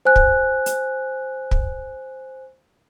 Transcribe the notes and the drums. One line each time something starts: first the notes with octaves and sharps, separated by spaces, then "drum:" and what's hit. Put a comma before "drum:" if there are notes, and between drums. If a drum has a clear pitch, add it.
C5 G#5 F#6
drum: kick
drum: hi-hat
drum: kick